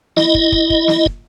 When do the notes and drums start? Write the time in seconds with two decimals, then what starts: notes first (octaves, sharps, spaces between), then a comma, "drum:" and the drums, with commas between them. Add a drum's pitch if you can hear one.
0.17 E4 D#5, drum: snare
0.34 drum: kick
0.52 drum: kick
0.70 drum: kick
0.88 drum: snare
1.06 drum: kick